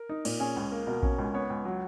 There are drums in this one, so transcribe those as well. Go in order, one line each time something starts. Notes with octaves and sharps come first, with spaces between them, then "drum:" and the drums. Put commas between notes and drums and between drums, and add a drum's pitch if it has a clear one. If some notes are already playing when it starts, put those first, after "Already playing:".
Already playing: A#4
D#4
A#2, drum: cymbal
C#4 G#4
C#2
A#3
B2 A#4
C#4, drum: kick A#1
C#2
B3 C#5
C#2
F#3